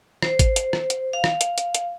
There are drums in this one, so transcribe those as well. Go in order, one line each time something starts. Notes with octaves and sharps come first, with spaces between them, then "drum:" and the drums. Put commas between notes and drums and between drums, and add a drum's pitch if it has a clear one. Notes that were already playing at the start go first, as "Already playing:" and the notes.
C5, drum: rim click
drum: kick, hi-hat
drum: hi-hat
drum: rim click
drum: hi-hat
F5
drum: rim click
drum: hi-hat
drum: hi-hat
drum: hi-hat